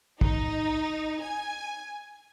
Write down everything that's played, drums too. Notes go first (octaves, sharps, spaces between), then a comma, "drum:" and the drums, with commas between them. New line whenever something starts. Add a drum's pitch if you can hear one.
D#4, drum: kick
G#5